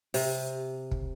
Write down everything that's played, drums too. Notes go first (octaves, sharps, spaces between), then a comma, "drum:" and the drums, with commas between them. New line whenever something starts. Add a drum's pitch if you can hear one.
C3, drum: open hi-hat
drum: kick